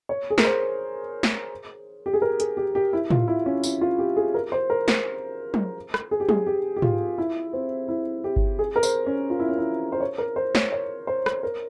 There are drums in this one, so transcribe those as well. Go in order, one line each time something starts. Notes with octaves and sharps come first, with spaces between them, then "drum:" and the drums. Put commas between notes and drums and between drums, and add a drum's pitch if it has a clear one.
C#5
G#4
A#4, drum: snare
C5
drum: snare
G4
G#4
A#4
G#4, drum: hi-hat
G4
G4
E4
F4, drum: tom
E4
C#4
E4, drum: tambourine
F4
G4
G#4
A#4
C5
A#4
C5, drum: snare
drum: tom
drum: rim click
G#4
G4
G#4, drum: tom
G4
G4
F4, drum: tom G#2
E4
C4
E4
G4
drum: kick G1
G#4
A#4
C5, drum: tambourine
C#4
F4
E4
C#4
E4
C5
C#5
A#4
C5
C#5, drum: snare
C#5
C5
drum: rim click
A#4